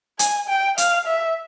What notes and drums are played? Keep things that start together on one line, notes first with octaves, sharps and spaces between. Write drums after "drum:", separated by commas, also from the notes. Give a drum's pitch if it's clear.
G#5, drum: hi-hat
G5
F5, drum: hi-hat
E5